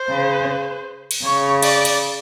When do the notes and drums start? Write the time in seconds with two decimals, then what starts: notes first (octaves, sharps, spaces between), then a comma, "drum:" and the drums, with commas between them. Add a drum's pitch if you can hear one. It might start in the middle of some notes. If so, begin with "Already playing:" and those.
Already playing: C5
0.10 C#3
1.11 drum: cymbal
1.24 C#3 C#5
1.62 D5, drum: cymbal
1.85 drum: cymbal